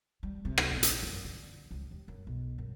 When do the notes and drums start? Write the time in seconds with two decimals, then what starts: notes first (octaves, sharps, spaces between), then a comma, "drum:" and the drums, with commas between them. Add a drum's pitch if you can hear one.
0.23 G3
0.45 C3
0.58 drum: rim click
0.71 A#1
0.83 drum: hi-hat
1.02 F#2
1.24 D3
1.71 C#2
1.91 D#2
2.08 F#2
2.27 B1
2.58 F#2